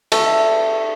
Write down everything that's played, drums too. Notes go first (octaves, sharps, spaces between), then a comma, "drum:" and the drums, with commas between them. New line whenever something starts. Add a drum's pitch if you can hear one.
A3, drum: cymbal